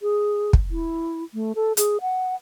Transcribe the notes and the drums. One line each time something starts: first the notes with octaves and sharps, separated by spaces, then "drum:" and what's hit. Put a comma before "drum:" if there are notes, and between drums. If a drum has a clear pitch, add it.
G#4
drum: kick
E4
A3
A4
G#4, drum: hi-hat
F#5